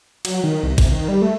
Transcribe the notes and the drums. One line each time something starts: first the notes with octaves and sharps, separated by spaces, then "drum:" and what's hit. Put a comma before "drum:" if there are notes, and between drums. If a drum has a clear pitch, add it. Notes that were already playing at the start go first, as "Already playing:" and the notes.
F#3, drum: cymbal
D#3
C2
C3, drum: kick G#1, cymbal
D#3
G3
A3